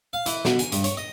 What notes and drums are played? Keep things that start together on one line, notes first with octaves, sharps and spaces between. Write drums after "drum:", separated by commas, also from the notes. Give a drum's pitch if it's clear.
F5
E3, drum: hi-hat
B2, drum: snare
G#5, drum: hi-hat
G2, drum: hi-hat
C#5, drum: hi-hat
D#5